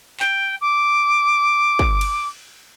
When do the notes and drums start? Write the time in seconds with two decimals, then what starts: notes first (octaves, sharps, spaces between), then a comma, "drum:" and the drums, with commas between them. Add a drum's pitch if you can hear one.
0.20 G5, drum: clap
0.61 D6
1.79 drum: kick
2.01 drum: cymbal